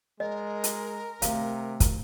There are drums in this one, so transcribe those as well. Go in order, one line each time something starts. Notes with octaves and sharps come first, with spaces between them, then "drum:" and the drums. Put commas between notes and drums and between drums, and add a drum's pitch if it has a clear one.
G#3 A#4 D#5
drum: hi-hat
C3 D#3 A3 F5, drum: hi-hat
drum: kick, hi-hat